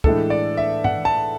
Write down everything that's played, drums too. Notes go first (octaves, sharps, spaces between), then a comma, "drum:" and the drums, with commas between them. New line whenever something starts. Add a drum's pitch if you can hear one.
A2 E3 G#3 D4 A4, drum: kick
D5
E5
F#5, drum: tom G2
A5